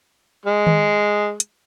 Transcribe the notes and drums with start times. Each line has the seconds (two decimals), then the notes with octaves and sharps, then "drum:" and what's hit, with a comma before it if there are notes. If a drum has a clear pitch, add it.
0.46 G#3
0.67 drum: tom D#3
1.40 drum: hi-hat